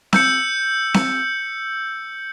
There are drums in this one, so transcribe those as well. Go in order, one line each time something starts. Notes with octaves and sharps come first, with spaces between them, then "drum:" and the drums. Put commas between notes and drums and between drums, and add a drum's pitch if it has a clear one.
E6 G6 C#7, drum: snare C4
drum: snare C4